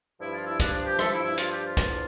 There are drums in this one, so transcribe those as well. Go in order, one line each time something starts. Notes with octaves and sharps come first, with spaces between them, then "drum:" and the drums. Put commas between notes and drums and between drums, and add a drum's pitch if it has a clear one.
G2 F3 E4
F4
E4
D4, drum: kick, hi-hat
D4
G4
A4, drum: rim click
E4
E4
F4, drum: hi-hat
G4
F4
E2 D3 F3, drum: kick, hi-hat